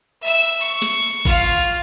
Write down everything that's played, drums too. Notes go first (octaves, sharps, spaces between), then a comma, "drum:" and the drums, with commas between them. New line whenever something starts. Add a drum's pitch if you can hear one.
E5 E6
C#6, drum: hi-hat
drum: snare
drum: hi-hat
F4 F5, drum: kick G#1, hi-hat
drum: open hi-hat
drum: hi-hat